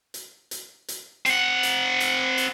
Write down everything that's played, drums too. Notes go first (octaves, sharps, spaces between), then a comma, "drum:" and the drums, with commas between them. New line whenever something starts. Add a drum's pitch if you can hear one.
drum: hi-hat
drum: hi-hat
drum: hi-hat
C4 F#5, drum: hi-hat
drum: hi-hat
drum: hi-hat
drum: hi-hat